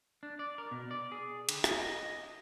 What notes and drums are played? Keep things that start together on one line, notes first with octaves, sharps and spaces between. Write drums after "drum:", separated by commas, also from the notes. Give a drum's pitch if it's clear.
D4
D5
A#4
B2
D5
G#4
D3, drum: cymbal
G#5, drum: rim click
D#5